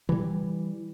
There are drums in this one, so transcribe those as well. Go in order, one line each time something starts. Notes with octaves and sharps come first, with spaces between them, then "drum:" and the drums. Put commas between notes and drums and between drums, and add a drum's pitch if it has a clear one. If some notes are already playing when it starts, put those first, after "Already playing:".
E3 G3, drum: tom